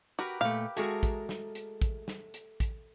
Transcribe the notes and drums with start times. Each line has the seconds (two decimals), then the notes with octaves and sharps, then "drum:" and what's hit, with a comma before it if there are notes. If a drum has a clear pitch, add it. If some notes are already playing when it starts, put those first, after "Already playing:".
0.19 F#4 G4 A#4 B4
0.41 A#2 A3 G4 F5
0.77 G#3 A3 F#4 G#4 A#4, drum: hi-hat
1.03 drum: kick, hi-hat
1.29 drum: snare
1.55 drum: hi-hat
1.82 drum: kick, hi-hat
2.08 drum: snare
2.34 drum: hi-hat
2.60 drum: kick, hi-hat